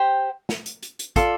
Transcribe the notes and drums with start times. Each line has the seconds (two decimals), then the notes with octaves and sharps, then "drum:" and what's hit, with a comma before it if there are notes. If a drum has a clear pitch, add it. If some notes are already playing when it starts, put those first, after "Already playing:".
Already playing: G4 C5 G5
0.49 drum: snare
0.66 drum: hi-hat
0.82 drum: hi-hat
0.99 drum: hi-hat
1.16 F4 A4 D5, drum: kick, hi-hat